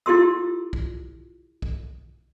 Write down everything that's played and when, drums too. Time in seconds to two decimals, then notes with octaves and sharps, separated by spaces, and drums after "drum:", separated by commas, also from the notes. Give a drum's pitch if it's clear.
0.06 E4 F4 G4 A4 C6 E6
0.73 drum: kick B1
1.62 drum: kick B1